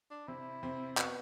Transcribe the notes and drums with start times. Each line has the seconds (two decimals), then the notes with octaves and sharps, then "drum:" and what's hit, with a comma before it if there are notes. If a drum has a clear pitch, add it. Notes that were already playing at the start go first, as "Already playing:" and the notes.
0.10 D4
0.28 C3 C4 E4
0.63 C3 C4
0.97 B3 F#4, drum: clap